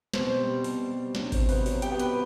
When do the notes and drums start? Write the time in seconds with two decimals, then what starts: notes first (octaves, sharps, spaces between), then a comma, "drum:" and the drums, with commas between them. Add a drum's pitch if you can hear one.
0.14 B2 C4 C5, drum: snare
0.39 G3
0.64 B2, drum: open hi-hat
0.90 G3
1.15 F#3 D4 D5, drum: snare
1.32 C4 C5, drum: kick G#1, open hi-hat
1.40 C3
1.49 B3 B4, drum: open hi-hat
1.66 F#3, drum: open hi-hat
1.82 G4 G5, drum: hi-hat
1.91 B3
2.00 B4 B5, drum: hi-hat